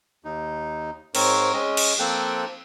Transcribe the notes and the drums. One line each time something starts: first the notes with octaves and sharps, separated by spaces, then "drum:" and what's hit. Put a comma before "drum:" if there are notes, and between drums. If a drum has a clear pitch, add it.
D#2 D#4
G#2 C4 A#4 C#5, drum: cymbal
G#3 C#4 D#5
drum: cymbal
F3 A#3 C4 A4 G5 F#6